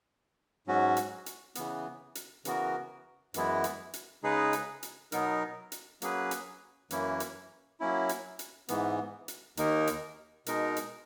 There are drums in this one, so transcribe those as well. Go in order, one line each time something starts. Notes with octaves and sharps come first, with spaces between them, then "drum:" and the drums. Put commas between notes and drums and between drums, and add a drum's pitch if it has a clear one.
G#2 F#3 C#4 F#4
drum: hi-hat
drum: hi-hat
C#3 E3 B3, drum: hi-hat
drum: hi-hat
C#3 E3 B3 F#4 A#4, drum: hi-hat
F#2 E3 G#3 B3 E4, drum: hi-hat
drum: hi-hat
drum: hi-hat
C#3 G#3 D#4 G#4 B4
drum: hi-hat
drum: hi-hat
B2 F#3 B3 D#4 A#4, drum: hi-hat
drum: hi-hat
F#3 A#3 C#4 G#4 B4, drum: hi-hat
drum: hi-hat
F#2 E3 A#3 C#4 E4, drum: hi-hat
drum: hi-hat
F#3 A#3 C#4 E4
drum: hi-hat
drum: hi-hat
G#2 E3 B3, drum: hi-hat
drum: hi-hat
D#2 D#3 A#3 D#4 A#4, drum: hi-hat
drum: hi-hat
B2 G#3 D#4 A#4, drum: hi-hat
drum: hi-hat